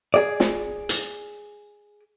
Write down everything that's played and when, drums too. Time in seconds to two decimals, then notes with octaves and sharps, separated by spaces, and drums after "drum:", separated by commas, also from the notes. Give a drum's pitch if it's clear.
0.14 G#4 D5
0.40 drum: snare
0.89 drum: hi-hat